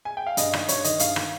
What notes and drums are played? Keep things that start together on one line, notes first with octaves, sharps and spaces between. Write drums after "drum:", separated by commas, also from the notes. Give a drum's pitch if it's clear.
G#5
G5
F5
G2 D#5, drum: hi-hat
D#3 D#5, drum: rim click
G2 C#5, drum: hi-hat
D#3 D#5, drum: hi-hat
G2 F5, drum: hi-hat
D#3, drum: rim click